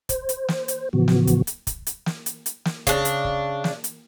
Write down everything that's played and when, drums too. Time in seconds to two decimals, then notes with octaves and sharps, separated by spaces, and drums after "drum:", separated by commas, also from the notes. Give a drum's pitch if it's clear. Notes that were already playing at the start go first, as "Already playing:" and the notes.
0.09 C5, drum: kick, hi-hat
0.29 drum: hi-hat
0.48 drum: snare
0.68 drum: hi-hat
0.93 A2 C#3 E3 F3 B3 F#4
1.08 drum: snare
1.27 drum: kick, hi-hat
1.47 drum: hi-hat
1.67 drum: kick, hi-hat
1.87 drum: hi-hat
2.06 drum: snare
2.26 drum: hi-hat
2.46 drum: hi-hat
2.65 drum: snare
2.87 C#3 D4, drum: kick, hi-hat
3.05 drum: hi-hat
3.25 drum: kick
3.64 drum: snare
3.84 drum: hi-hat